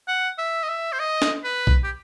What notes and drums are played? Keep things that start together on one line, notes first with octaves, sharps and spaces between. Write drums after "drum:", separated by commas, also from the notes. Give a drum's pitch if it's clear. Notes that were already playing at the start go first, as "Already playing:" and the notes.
F#5
E5
D#5
E5
C5
D#5
drum: snare
B4
drum: kick B1
G4